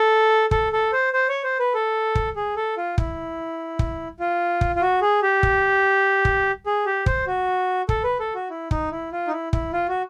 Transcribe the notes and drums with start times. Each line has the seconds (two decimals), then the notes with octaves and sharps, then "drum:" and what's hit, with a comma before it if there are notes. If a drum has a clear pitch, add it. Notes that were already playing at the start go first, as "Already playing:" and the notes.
Already playing: A4
0.51 A4, drum: kick
0.73 A4
0.93 C5
1.13 C5
1.28 C#5
1.44 C5
1.59 B4
1.74 A4
2.15 drum: kick
2.36 G#4
2.56 A4
2.77 F4
2.98 E4, drum: kick
3.79 drum: kick
4.20 F4
4.61 drum: kick
4.76 F4
4.81 F#4
5.01 G#4
5.22 G4
5.43 drum: kick
6.25 drum: kick
6.66 G#4
6.86 G4
7.06 C5, drum: kick
7.27 F#4
7.89 A4, drum: kick
8.04 B4
8.20 A4
8.35 F#4
8.50 E4
8.71 D#4, drum: kick
8.91 E4
9.12 F4
9.27 D#4
9.32 E4
9.53 E4, drum: kick
9.73 F4
9.89 F#4